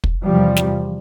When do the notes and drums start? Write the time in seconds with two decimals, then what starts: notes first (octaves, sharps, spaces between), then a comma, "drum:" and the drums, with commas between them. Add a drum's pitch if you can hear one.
0.04 drum: kick
0.25 E2 C3 F3 G3
0.56 drum: snare